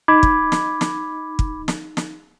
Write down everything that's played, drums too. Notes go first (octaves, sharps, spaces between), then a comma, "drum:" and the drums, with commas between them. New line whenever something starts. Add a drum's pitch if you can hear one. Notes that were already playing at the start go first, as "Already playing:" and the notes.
D#4 B5 D6 G#6
drum: kick
drum: snare
drum: snare
drum: kick
drum: snare
drum: snare